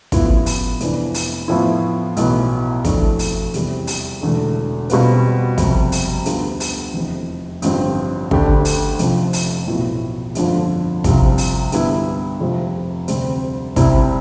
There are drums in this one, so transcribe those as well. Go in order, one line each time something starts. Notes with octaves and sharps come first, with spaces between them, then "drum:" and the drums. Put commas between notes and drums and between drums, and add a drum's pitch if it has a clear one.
A1 A2 F3 B3 E4, drum: kick, hi-hat
drum: open hi-hat
F1 F2 E3 B3 D4, drum: hi-hat
drum: open hi-hat
A2 F3 B3 E4
B1 A2 E3 B3, drum: hi-hat
F2 E3 A3 D4, drum: kick, hi-hat
drum: open hi-hat
E2 C3 G3, drum: hi-hat
drum: open hi-hat
E1 E2 D3 A3
B2 G3 C4 F4 B4, drum: hi-hat
F2 C3 G3, drum: kick, hi-hat
drum: open hi-hat
D2 D3 G3 B3 F4, drum: hi-hat
drum: open hi-hat
F1 E2 C3
A1 G2 D3 F3 C4, drum: hi-hat
D2 D3 A3 D4 G4, drum: kick
drum: open hi-hat
F1 F2 C3 F3, drum: hi-hat
drum: open hi-hat
B1 A2 F3 B3 E4
G1 F2 D3 F3, drum: hi-hat
C2 C3 F3, drum: kick, hi-hat
drum: open hi-hat
G2 D3 G3 B3 E4, drum: hi-hat
F1 F2 C3 F3
D2 C3 G3 C4, drum: hi-hat
C2 C3 G3 C4 E4, drum: kick, hi-hat